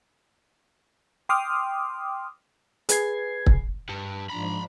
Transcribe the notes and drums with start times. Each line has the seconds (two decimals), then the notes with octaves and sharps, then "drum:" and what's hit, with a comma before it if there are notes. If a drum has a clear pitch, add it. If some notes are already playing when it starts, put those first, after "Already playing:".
1.29 G5 C6 D6 D#6 F6
2.89 G#4 B4 G#5 G#6 C7, drum: hi-hat
3.46 drum: kick
3.89 G2
4.30 G#2 F3 D4 A#5 B5